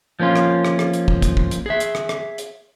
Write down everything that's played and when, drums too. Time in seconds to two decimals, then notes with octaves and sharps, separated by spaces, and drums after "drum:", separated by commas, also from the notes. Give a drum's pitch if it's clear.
0.20 F3 A#3 C#4 F4
0.36 drum: rim click
0.65 drum: rim click
0.79 drum: rim click
0.93 drum: hi-hat
1.08 drum: kick
1.22 drum: kick, hi-hat
1.37 drum: kick
1.51 drum: hi-hat
1.66 G#4 E5
1.80 drum: hi-hat
1.95 drum: rim click
2.09 drum: rim click
2.38 drum: hi-hat